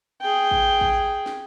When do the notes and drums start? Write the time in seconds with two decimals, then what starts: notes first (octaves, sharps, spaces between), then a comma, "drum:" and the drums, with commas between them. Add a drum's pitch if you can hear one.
0.21 G#4 G5
0.51 drum: kick A1
0.81 drum: kick A1
1.26 drum: snare